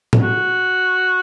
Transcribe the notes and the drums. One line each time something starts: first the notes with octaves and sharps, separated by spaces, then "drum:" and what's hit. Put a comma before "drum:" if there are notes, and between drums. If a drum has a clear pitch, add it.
drum: tom A2
F#4